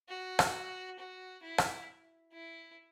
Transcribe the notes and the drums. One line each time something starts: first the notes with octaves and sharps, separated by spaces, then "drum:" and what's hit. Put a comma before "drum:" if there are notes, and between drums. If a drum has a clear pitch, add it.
F#4
drum: rim click
F#4
E4
drum: rim click
E4